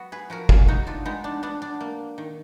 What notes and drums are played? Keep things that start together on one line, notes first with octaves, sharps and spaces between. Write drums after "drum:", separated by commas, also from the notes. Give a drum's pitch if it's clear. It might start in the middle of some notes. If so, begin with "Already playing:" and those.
Already playing: F#3 B3 F#4
G#4 B4
F3 F#4 A#4
F4 G#4, drum: kick G1
B3 D#4 F#4
D4 F4
G#3 B3 D#4
D4
B3 D4
D4
A#3
D#3